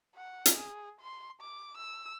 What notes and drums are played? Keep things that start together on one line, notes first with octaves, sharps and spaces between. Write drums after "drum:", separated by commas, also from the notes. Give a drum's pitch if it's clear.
F#5
drum: hi-hat
G#4
C6
D6
E6